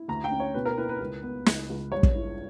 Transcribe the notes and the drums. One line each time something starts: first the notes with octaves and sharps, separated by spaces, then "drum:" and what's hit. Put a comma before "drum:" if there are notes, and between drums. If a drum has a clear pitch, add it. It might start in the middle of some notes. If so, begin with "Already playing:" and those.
Already playing: E4
D2 A#5
G5
C#4
C#5
B2 B4
A#4
E4 B4
B4
C#2
B3
C#2, drum: snare
C#2
G2 C#5
drum: kick
E4